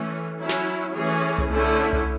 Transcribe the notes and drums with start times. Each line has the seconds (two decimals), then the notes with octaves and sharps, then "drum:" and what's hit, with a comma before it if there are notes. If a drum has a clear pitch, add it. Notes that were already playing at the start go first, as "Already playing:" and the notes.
Already playing: E3 A3 C#4
0.37 F#3 C#4 E4
0.49 drum: snare
0.94 E3 A3 C#4 G#4
1.21 drum: hi-hat
1.38 drum: tom C2
1.50 D3 A3 C#4 E4
1.93 drum: tom C2